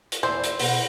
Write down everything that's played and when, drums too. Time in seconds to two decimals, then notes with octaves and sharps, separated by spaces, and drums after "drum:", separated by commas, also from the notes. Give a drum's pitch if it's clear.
0.12 drum: hi-hat
0.23 E2 E4 C5 D5
0.44 drum: hi-hat
0.59 B2 F#4 B4, drum: open hi-hat